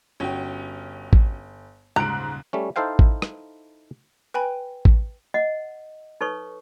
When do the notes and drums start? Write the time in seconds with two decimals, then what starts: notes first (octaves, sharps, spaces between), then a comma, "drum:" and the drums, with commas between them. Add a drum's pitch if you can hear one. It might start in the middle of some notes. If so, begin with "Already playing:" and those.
0.20 G1 C#4 F#4 G5
1.13 drum: kick A1
1.96 D#1 G#2 C#3 A#5 F#6 D7
2.53 G3 A3 C#4
2.76 D#4 E4 A4 C5 F5 G5
2.99 drum: kick A1
3.22 drum: rim click
4.34 B4 G5 G#5 B5
4.85 drum: kick A1
5.34 D#5 E5 F#5
6.21 D#4 A4 B4 C#5 C#6